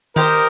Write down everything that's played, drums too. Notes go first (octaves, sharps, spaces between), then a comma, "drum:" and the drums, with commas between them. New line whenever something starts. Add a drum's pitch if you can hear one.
D#4 G4 A#4 C5, drum: tom D#3